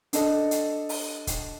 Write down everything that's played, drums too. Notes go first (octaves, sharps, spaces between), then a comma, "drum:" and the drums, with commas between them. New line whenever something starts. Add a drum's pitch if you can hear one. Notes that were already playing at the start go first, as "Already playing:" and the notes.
D4 A4 D#5, drum: hi-hat
drum: hi-hat
drum: open hi-hat
drum: kick C#1, hi-hat